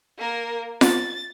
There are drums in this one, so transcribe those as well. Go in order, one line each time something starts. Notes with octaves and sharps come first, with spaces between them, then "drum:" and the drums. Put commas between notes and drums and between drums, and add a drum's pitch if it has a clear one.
A#3 A#4
A6, drum: snare F4